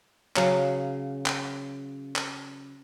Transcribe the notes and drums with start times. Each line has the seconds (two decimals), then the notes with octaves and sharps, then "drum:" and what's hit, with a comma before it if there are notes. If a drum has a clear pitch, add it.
0.36 C#3 F#3 F5 F#5, drum: clap
1.26 drum: clap
2.16 drum: clap